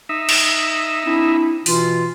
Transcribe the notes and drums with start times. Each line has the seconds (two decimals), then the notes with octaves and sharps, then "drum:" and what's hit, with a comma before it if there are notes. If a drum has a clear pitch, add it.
0.09 D#4 E5
0.29 drum: cymbal
1.05 C4 D4 E4
1.66 B2 E3 F4, drum: open hi-hat